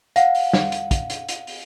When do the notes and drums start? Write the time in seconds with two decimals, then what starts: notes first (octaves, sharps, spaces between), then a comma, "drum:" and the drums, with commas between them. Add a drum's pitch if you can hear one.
0.16 F5 F#5, drum: hi-hat
0.35 drum: open hi-hat
0.53 drum: snare
0.72 drum: hi-hat
0.91 drum: kick, hi-hat
1.10 drum: hi-hat
1.29 drum: hi-hat
1.47 drum: open hi-hat